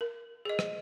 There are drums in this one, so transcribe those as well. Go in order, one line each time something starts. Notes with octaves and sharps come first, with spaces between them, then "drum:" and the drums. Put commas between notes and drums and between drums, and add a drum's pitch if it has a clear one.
A#4
G#4 D#5
drum: rim click